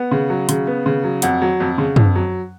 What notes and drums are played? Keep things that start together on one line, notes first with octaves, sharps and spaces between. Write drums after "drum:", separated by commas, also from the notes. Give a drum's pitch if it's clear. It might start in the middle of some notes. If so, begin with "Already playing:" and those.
Already playing: B3 F#5
C#3
F#3
C#3, drum: hi-hat
B3
C#3
F#3
F2 F#5, drum: hi-hat
F#3
F2
C#3
F2, drum: tom
F#3